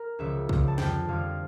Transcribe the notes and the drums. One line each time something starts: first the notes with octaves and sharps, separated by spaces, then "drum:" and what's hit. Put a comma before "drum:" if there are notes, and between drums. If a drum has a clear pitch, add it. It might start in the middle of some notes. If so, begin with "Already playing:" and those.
Already playing: A#4
C#2 C#3 F3 E5
C#2 C#3 F3, drum: kick
A5
F2 D3 G3 G5, drum: snare
F2 D3 G3 F5